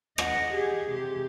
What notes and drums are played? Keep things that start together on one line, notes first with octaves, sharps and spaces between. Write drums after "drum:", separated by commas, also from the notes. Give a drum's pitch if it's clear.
D#5 F#5, drum: rim click
G4 G#4
C3 G4